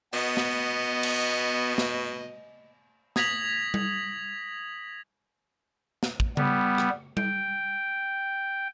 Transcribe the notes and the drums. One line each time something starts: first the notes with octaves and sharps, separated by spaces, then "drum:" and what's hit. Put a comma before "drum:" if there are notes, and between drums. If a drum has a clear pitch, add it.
B2 B3 D#5, drum: open hi-hat
drum: snare
drum: cymbal
drum: snare
D#6 G#6 A#6 B6 F7 F#7, drum: snare
drum: tom G3
drum: snare
drum: kick
G3 B3, drum: tom C#3
drum: rim click
G5, drum: tom G3